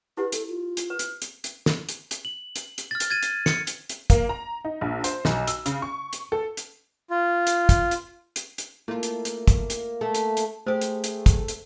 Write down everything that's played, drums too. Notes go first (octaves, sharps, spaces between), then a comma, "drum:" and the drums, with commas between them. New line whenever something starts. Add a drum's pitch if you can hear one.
E4 G4 B4
A4, drum: hi-hat
F4
drum: hi-hat
B4
drum: hi-hat
drum: hi-hat
drum: hi-hat
drum: snare
drum: hi-hat
drum: hi-hat
F#7
drum: hi-hat
drum: hi-hat
F6 A6
drum: hi-hat
G#6 A6 D#7
drum: hi-hat
C#7, drum: snare
drum: hi-hat
drum: hi-hat
A#3, drum: kick, hi-hat
A#5
D#4
A#1
C5, drum: hi-hat
B1, drum: snare
E6, drum: hi-hat
C#3, drum: hi-hat
C#6
drum: hi-hat
A4
drum: hi-hat
F4
drum: hi-hat
drum: kick, hi-hat
drum: hi-hat
drum: hi-hat
drum: hi-hat
A3 A#3 E4 F4
drum: hi-hat
drum: hi-hat
drum: kick, hi-hat
drum: hi-hat
A3 A4
drum: hi-hat
drum: hi-hat
G#3 A3 G4 C5
drum: hi-hat
drum: hi-hat
drum: kick, hi-hat
drum: hi-hat